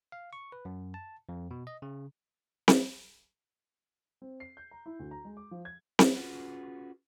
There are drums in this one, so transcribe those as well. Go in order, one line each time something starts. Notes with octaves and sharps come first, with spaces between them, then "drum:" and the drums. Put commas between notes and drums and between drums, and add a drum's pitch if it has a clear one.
F5
C#6
B4
F#2
A5
F2
B2
D#5
C#3
drum: snare C4
C4
C7
G6
A#5
E4
D2
A#5
G#3
D6
F3
G#6
drum: snare C4
C#4 F4 F#4 G#4 B4